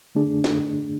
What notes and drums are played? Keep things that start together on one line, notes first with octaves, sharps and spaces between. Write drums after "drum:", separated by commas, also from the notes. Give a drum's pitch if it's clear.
D3 A3 D4 G#4
drum: snare